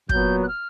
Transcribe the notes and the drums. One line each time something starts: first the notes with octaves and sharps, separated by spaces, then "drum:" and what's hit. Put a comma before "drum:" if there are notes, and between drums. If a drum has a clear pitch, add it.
A#2 F#3 B3 G6, drum: kick
F#6
F6